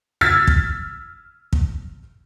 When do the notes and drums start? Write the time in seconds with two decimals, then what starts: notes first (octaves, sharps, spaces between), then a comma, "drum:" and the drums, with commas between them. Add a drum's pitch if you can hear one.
0.21 E6 F6 G#6 A6 B6
0.47 drum: kick
1.53 drum: kick